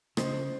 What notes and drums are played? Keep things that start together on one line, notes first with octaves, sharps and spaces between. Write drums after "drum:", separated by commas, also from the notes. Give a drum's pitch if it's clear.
C#3 C5 D#5, drum: rim click